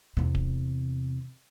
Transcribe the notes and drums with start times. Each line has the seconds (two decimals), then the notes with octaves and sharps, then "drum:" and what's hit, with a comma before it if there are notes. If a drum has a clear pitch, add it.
0.17 E2 C3
0.35 drum: kick D1